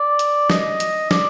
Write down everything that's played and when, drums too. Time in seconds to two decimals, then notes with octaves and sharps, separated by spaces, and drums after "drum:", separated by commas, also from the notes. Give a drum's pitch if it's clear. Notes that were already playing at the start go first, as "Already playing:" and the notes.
Already playing: D5
0.19 drum: hi-hat
0.50 D#5, drum: snare
0.80 drum: hi-hat
1.11 D5, drum: snare